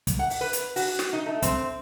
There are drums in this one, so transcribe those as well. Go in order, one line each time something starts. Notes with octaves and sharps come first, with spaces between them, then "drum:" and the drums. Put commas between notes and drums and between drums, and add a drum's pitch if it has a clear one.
drum: kick, hi-hat
F#5
drum: open hi-hat
B4
drum: hi-hat
F#4, drum: open hi-hat
drum: snare
D#4
A3
C4, drum: kick, hi-hat